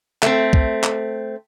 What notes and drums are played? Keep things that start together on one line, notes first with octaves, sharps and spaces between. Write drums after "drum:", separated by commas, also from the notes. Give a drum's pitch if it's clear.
A3 C4, drum: clap
drum: kick
drum: clap